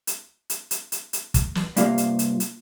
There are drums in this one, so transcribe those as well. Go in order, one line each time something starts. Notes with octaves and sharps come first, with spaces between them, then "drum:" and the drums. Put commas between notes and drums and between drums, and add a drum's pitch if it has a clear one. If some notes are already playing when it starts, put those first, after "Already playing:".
drum: hi-hat
drum: hi-hat
drum: hi-hat
drum: hi-hat
drum: hi-hat
drum: kick, hi-hat
drum: snare
G2 C3 A#3 F4 F5, drum: hi-hat
drum: hi-hat
drum: hi-hat
drum: hi-hat